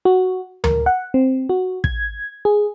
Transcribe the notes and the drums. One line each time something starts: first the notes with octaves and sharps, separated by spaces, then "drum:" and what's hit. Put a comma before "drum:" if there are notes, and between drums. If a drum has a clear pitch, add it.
F#4
A#4, drum: tom D2
F#5
C4
F#4
G#6, drum: kick
G#4